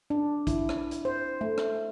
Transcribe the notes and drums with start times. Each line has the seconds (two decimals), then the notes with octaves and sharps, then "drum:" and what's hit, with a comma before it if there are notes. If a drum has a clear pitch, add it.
0.10 D4
0.47 E4, drum: kick, hi-hat
0.69 drum: rim click
0.91 drum: hi-hat
1.05 C5
1.41 A3
1.58 drum: rim click